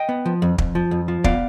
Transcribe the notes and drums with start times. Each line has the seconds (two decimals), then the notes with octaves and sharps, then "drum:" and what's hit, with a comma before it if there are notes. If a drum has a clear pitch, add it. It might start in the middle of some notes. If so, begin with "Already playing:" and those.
Already playing: D#5 G5
0.09 B3
0.26 F3
0.42 F2
0.58 F2, drum: kick
0.75 F3
0.91 F2
1.08 F3
1.24 B3 D5 F5, drum: kick